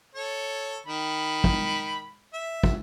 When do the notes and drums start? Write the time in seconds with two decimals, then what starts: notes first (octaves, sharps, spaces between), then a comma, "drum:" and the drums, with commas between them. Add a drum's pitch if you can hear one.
0.16 A4 C#5
0.86 D#3 B5
1.44 drum: kick
2.34 E5
2.63 drum: kick